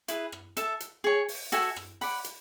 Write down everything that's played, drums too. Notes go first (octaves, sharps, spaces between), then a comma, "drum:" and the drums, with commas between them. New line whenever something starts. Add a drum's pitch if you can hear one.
E4 G#4 B4, drum: hi-hat
drum: rim click
A4 E5 A5, drum: hi-hat
drum: hi-hat
G#4 C#5 G#5
drum: open hi-hat
F#4 A4 E5 G#5, drum: hi-hat
drum: rim click
D5 F#5 B5, drum: open hi-hat
drum: hi-hat